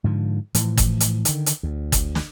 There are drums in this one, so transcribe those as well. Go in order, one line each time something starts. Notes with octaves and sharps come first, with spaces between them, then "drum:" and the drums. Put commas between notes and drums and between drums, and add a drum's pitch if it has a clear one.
G#2 D3 F3
A2 E3 F3, drum: hi-hat
drum: kick G1, hi-hat
drum: hi-hat
D3 D#3, drum: hi-hat
drum: hi-hat
D2
drum: kick G1, hi-hat
drum: snare